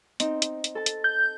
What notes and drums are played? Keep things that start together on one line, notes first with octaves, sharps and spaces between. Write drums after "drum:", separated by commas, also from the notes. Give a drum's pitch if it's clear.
C4 D#4, drum: hi-hat
drum: hi-hat
drum: hi-hat
A4 A5
drum: hi-hat
G6